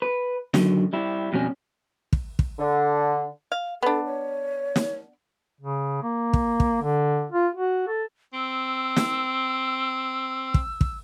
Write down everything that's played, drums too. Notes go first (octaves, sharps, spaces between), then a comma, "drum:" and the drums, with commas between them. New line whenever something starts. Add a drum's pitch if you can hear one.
B4
F#2 D3 D#3 F#3, drum: snare
G3 E4
F2 B2 G3 C#4
drum: kick
drum: kick
D3
F5
B3 D4 A4
C#5
drum: snare
C#3
A#3
drum: kick
drum: kick
D3
F4
F#4
A4
C4 E6
drum: snare
drum: kick
drum: kick